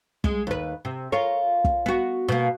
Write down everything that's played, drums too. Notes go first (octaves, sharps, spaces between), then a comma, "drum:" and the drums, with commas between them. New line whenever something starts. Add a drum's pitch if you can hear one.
G#3, drum: kick
D#2 B4
C3
F4 A#4 C#5
drum: kick
B3 F#4
B2 A#3